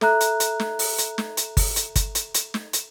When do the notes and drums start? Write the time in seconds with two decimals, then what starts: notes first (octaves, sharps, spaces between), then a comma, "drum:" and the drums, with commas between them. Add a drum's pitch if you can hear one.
0.01 A4 E5 A#5 F#6, drum: snare
0.21 drum: hi-hat
0.40 drum: hi-hat
0.60 drum: snare
0.79 drum: open hi-hat
0.98 drum: hi-hat
1.18 drum: snare
1.37 drum: hi-hat
1.57 drum: kick G1, open hi-hat
1.76 drum: hi-hat
1.96 drum: kick G1, hi-hat
2.15 drum: hi-hat
2.34 drum: hi-hat
2.54 drum: snare
2.73 drum: hi-hat